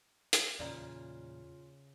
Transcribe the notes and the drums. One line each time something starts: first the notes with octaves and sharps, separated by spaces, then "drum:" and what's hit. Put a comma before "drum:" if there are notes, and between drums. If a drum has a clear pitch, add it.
drum: hi-hat
E2 A#2 C#3 F4 D5 F5 A#5 C6